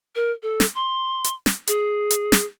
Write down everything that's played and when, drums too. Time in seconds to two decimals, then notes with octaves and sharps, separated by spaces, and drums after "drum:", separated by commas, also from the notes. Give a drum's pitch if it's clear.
0.15 A#4
0.43 A4
0.60 drum: snare
0.75 C6
1.24 drum: hi-hat
1.46 drum: snare
1.67 G#4, drum: hi-hat
2.10 drum: hi-hat
2.32 drum: snare